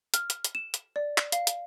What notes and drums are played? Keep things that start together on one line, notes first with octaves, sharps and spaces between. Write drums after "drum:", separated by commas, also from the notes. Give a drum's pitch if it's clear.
F6, drum: hi-hat
drum: hi-hat
drum: hi-hat
E7
drum: hi-hat
D5
drum: clap
F5, drum: hi-hat
drum: hi-hat